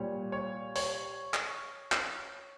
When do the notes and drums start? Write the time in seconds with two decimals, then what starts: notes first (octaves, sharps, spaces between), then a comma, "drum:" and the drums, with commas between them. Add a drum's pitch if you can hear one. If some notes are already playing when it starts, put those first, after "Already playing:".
Already playing: A#2 G3 C#5
0.32 C#5
0.76 C#5, drum: open hi-hat
1.34 drum: clap
1.92 drum: clap